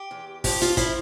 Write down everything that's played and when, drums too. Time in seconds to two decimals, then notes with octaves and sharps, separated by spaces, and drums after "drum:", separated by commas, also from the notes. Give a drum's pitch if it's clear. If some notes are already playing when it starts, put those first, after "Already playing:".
Already playing: G4
0.11 E2
0.44 F3 G4, drum: kick, open hi-hat
0.62 F4, drum: hi-hat
0.77 F3 E4, drum: kick, hi-hat